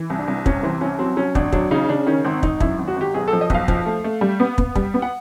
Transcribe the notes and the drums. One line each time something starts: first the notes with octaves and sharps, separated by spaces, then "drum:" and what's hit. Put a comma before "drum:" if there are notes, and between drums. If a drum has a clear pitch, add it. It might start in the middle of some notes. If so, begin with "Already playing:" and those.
Already playing: E3
C2
D4
C2
C3 C#4, drum: kick
E3 C4
C2 C#4
F#3 C4
F#3 C#4
G#1 D4, drum: kick
F#3 D4, drum: kick
C#3 D#4
C#3 D4
D#3 C#4
G#1 C4
G#1 D#4, drum: kick
F#2 E4, drum: kick
G#1
F#4
G#1 G4
B1 G#4
F3 A4
D#5
B1 F5, drum: kick
F3, drum: kick
A3
A3
G3
B3
B3, drum: kick
G3, drum: kick
B3
F#5